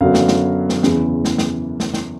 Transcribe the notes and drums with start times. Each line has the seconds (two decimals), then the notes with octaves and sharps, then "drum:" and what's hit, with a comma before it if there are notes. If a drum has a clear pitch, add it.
0.01 F#2 D3 F#3 B3 F5
0.14 drum: snare
0.28 drum: snare
0.70 drum: snare
0.83 E2 C#3 E3, drum: snare
1.25 drum: snare
1.38 drum: snare
1.80 drum: snare
1.94 drum: snare